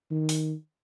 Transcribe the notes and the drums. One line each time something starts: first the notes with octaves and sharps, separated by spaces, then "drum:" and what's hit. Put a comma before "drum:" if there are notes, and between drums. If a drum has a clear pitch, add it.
D#3
drum: open hi-hat